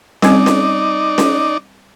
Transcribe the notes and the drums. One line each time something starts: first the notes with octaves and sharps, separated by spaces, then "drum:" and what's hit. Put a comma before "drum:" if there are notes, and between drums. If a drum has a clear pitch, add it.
G3 C4 D#4 D5, drum: snare C#4
drum: snare C#4
drum: snare C#4